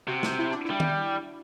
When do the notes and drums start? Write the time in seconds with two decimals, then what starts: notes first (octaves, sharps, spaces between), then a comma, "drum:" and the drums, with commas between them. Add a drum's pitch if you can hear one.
0.07 C3 F#4
0.23 drum: snare
0.39 E4
0.51 D4
0.65 E4
0.70 G3
0.80 drum: tom D#3